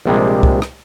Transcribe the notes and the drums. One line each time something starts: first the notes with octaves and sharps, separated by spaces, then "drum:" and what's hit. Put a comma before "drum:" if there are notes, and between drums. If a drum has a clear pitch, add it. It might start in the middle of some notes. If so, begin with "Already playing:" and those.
A#1 C3 G3 G#3
drum: kick C2
drum: rim click